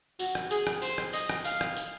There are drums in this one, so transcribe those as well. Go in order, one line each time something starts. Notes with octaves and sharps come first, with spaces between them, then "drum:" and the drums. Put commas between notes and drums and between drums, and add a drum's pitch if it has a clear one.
F#4, drum: tambourine
drum: rim click
G#4, drum: tambourine
drum: rim click
C5, drum: tambourine
drum: rim click
D#5, drum: tambourine
drum: rim click
F5, drum: tambourine
drum: rim click
drum: tambourine